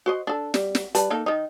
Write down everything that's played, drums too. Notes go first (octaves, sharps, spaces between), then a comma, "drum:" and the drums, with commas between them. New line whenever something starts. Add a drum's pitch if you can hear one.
F#4 C5 D#5
D4 A4
G3, drum: snare
drum: snare
G3 B4 A5, drum: hi-hat
A#3 D#4 A4
D#3 D#4